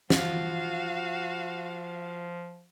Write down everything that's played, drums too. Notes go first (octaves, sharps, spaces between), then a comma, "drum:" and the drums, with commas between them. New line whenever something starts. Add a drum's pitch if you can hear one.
F3 F4 F#4 F5, drum: snare